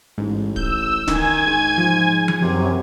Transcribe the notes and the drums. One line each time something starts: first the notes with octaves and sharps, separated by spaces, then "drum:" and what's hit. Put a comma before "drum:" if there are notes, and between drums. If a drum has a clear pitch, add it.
A1 G#2
E6 G6, drum: kick
D#3 G#5 G#6, drum: snare
G#2
F3
drum: tom F3
F#2 C3